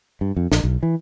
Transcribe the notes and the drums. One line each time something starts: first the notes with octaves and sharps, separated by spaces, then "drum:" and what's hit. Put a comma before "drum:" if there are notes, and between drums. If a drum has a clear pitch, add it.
G2
F2
A#1, drum: snare
B1
E3